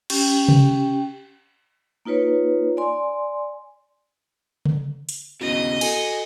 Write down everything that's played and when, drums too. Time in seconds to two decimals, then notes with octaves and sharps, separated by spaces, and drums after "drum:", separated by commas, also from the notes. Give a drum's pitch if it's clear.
0.10 C#4 G4 G5, drum: cymbal
0.48 drum: tom C3
2.05 A#3 D#4 F4 B4 C#5
2.77 D5 G#5 C6
4.65 drum: tom C#3
5.09 drum: hi-hat
5.41 D#2 C#3 B3 E4 F#4 D#5
5.81 F#4 A4 G#5 C#7, drum: cymbal